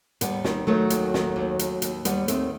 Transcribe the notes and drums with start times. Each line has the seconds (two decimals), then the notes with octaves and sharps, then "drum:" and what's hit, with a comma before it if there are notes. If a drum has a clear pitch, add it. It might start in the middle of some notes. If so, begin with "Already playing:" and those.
0.21 D#2 G3 B3, drum: hi-hat
0.44 D#3, drum: snare
0.67 D#3 F#3 A3
0.90 D#2, drum: hi-hat
1.14 D#3, drum: snare
1.36 D#2
1.59 D#2, drum: hi-hat
1.82 D#2, drum: hi-hat
2.05 D#2 G3 B3, drum: hi-hat
2.28 D#3 A3 C4, drum: hi-hat